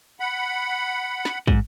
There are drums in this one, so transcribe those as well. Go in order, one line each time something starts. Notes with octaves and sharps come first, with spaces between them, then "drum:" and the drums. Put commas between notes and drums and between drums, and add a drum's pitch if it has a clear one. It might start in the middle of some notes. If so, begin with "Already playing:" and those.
F#5 B5
drum: snare
G#2, drum: kick